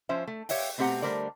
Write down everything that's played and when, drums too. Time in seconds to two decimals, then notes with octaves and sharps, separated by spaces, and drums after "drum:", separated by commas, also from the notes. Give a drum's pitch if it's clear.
0.09 F3 C#4 C5 E5
0.27 A3
0.49 G4 C#5 E5 F5 G5, drum: open hi-hat
0.78 B2 A3 C4 G4 F#5 A#5
1.02 D3 G3 A3 A#4 C5 D5